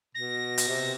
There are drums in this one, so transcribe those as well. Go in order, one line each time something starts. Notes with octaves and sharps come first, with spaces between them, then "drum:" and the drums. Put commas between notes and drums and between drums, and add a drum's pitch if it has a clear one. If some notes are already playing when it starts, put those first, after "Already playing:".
B2 A#6
drum: hi-hat
C3